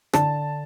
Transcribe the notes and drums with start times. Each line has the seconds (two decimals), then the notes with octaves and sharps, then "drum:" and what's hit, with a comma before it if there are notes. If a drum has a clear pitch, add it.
0.13 D3 A5, drum: rim click